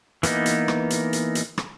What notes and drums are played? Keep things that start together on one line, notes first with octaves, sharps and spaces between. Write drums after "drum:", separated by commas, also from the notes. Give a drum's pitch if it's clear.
E3 A#3 B3 D#4, drum: hi-hat
drum: hi-hat
drum: rim click
drum: hi-hat
drum: hi-hat
drum: hi-hat
drum: rim click